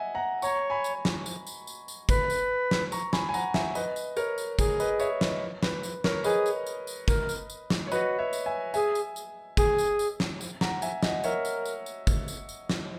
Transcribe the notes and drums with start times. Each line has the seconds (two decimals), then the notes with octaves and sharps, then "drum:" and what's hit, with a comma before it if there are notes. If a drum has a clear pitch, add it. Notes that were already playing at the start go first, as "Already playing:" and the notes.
Already playing: D#5 E5 F#5 G#5
0.15 F#5 A#5
0.42 C#5 A#5 C#6, drum: tambourine
0.70 G#5 B5
0.84 drum: tambourine
1.05 drum: snare
1.26 drum: tambourine
1.47 drum: tambourine
1.67 drum: tambourine
1.88 drum: tambourine
2.09 B4, drum: kick, tambourine
2.30 drum: tambourine
2.71 drum: snare
2.92 A#5 C#6, drum: tambourine
3.13 G#5 B5, drum: snare
3.29 G#5
3.34 F#5 A#5, drum: tambourine
3.54 E5 G#5, drum: snare
3.75 B4 D#5, drum: tambourine
3.96 drum: tambourine
4.17 A#4 C#5, drum: tambourine
4.38 drum: tambourine
4.59 G#4, drum: kick, tambourine
4.80 B4 D#5, drum: tambourine
5.00 C#5 E5, drum: tambourine
5.21 B4 D#5, drum: snare
5.63 B4, drum: snare
5.83 drum: tambourine
6.04 A#4 C#5, drum: snare
6.24 G#4 B4 D#5, drum: tambourine
6.46 drum: tambourine
6.66 drum: tambourine
6.87 drum: tambourine
7.08 A#4, drum: kick, tambourine
7.29 drum: tambourine
7.50 drum: tambourine
7.70 drum: snare
7.87 C#5
7.92 F#4 B4 D#5, drum: tambourine
8.19 C#5 E5
8.33 drum: tambourine
8.46 E5 G#5
8.74 G#4 E5 G#5, drum: tambourine
8.95 drum: tambourine
9.16 drum: tambourine
9.57 G#4, drum: kick, tambourine
9.78 drum: tambourine
9.99 drum: tambourine
10.20 drum: snare
10.41 drum: tambourine
10.61 F#5 A#5, drum: snare
10.82 E5 G#5, drum: tambourine
11.03 D#5 F#5, drum: snare
11.24 A#4 C#5 E5, drum: tambourine
11.45 drum: tambourine
11.66 drum: tambourine
11.86 drum: tambourine
12.07 drum: kick, tambourine
12.28 drum: tambourine
12.49 drum: tambourine
12.69 drum: snare